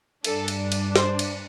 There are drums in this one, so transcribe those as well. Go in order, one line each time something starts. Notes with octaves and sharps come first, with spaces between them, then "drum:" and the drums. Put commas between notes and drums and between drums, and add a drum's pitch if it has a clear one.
G2 G3 D4 A4, drum: cymbal
drum: cymbal
drum: cymbal
C5, drum: snare
drum: cymbal